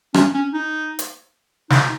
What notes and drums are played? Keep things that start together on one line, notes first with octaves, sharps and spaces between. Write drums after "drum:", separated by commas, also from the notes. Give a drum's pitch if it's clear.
C#4, drum: rim click
C#4
D#4
drum: hi-hat
D#4, drum: snare